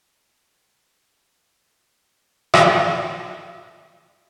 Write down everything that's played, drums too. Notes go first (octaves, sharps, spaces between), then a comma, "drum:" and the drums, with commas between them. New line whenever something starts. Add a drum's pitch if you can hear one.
E5
A#4
D5
G4
A#5
A5
F#4
B4
drum: rim click
F#5 C6 D6 D#7